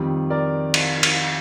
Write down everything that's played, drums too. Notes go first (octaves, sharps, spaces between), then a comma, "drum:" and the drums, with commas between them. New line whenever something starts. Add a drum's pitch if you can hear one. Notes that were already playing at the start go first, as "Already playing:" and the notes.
Already playing: F2 D#3 G3
A#4 D5
drum: cymbal
drum: cymbal